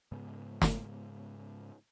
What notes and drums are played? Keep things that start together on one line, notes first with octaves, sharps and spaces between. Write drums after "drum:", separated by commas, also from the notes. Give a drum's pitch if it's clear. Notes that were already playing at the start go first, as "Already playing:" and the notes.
G#2 C#3 G#3 B3
drum: snare